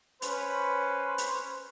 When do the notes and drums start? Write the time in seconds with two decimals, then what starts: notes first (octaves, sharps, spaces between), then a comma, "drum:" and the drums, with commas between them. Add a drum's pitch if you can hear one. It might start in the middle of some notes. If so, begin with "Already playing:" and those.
0.22 C#4 B4 C5, drum: hi-hat
1.18 drum: hi-hat